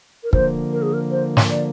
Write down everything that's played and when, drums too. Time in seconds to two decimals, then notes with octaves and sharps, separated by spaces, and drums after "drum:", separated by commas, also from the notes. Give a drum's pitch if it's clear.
0.23 A#4
0.33 D3 F3 A#3 C5, drum: kick
0.72 A#4
0.82 G#4
0.94 A#4
1.11 C5
1.37 drum: snare
1.50 D5